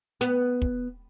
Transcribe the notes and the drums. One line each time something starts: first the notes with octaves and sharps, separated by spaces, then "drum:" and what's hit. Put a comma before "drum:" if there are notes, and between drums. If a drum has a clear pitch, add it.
B3, drum: snare
drum: kick